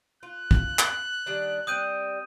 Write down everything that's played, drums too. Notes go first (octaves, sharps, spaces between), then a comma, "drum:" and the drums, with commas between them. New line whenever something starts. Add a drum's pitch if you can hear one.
F4 F#6
drum: kick
drum: clap
D#3 G3 D4
G3 C4 D#6 G6 D#7